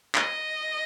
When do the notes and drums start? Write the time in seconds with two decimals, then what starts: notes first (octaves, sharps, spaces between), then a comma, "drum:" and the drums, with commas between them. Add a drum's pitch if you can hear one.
0.15 D#5, drum: clap